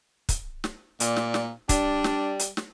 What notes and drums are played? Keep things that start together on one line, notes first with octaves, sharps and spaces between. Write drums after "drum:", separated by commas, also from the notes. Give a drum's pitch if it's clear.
drum: kick, hi-hat
drum: snare
A#2 D5, drum: hi-hat
drum: snare
drum: snare
G3 D4, drum: kick, hi-hat
drum: snare
drum: hi-hat
drum: snare